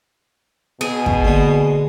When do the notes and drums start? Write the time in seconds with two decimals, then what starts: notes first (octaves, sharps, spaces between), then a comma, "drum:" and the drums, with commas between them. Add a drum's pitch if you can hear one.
0.81 B2 G#4
1.06 drum: kick
1.24 D3 G#3 A#3